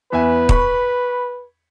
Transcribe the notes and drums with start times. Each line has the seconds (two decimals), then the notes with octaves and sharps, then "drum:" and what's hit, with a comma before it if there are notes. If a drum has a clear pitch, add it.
0.12 E2 B4 E5 G#5
0.49 B5 C#6, drum: kick